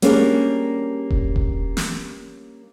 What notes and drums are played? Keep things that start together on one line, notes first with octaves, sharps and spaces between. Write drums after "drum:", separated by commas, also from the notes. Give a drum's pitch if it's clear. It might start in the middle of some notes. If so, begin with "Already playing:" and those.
G3 A#3 C#4 D4 G4 G#4, drum: hi-hat
drum: kick E1
drum: kick E1
drum: snare